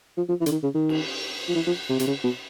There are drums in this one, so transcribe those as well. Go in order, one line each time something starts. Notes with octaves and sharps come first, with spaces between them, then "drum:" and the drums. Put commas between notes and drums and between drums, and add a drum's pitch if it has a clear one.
F3
F3
E3
D3, drum: hi-hat
D#3
C#3
D#3
drum: cymbal
F3
E3
F3
C3
C3, drum: hi-hat
C#3
B2